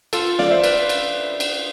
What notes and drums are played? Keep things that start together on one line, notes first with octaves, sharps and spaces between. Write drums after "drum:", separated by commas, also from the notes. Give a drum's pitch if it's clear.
F4 A4, drum: cymbal
D5 F5, drum: snare
C5 E5
B4 D5, drum: cymbal
drum: cymbal
drum: cymbal